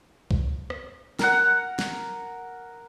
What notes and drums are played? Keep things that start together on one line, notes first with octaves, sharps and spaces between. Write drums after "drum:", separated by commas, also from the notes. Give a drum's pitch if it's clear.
drum: kick
drum: rim click
A#4 F#5, drum: snare
drum: snare